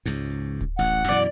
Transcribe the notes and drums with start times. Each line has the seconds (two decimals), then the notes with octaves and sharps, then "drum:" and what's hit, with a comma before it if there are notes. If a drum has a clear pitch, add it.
0.06 C#2 G#2
0.25 drum: hi-hat
0.61 drum: kick D1, hi-hat
0.79 A1 F#5
1.09 F#2 B2 E3 D5